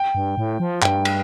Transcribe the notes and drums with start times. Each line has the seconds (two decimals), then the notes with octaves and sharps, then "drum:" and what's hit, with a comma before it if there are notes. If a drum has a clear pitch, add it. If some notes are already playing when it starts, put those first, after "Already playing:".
Already playing: G5
0.15 G2
0.37 A2
0.60 F3
0.82 G2 G5, drum: clap
1.05 drum: cymbal